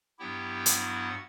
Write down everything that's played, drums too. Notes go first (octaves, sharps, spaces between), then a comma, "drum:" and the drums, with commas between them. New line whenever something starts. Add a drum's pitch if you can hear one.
G2 F#3 B3 E4 G4 G5
F#4 F#5, drum: hi-hat